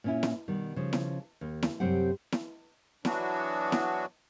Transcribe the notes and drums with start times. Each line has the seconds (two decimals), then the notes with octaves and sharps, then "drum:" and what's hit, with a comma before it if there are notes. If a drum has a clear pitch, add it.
0.04 A#2 C#4 E4
0.23 drum: snare E4
0.48 B2 D#3 G3
0.76 C#3 F3
0.93 drum: snare E4
1.41 D#2
1.63 drum: snare E4
1.80 F#2 C3 G3 C4 G4 F#5
2.32 drum: snare E4
3.05 E3 F#3 B3 D4 F#4, drum: snare E4
3.72 drum: snare E4